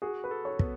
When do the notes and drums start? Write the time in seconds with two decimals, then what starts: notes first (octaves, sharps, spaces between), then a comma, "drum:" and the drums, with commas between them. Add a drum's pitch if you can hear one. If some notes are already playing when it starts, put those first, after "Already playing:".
0.02 F#4 G#4
0.24 B4
0.31 A4
0.45 C#5
0.59 B3, drum: kick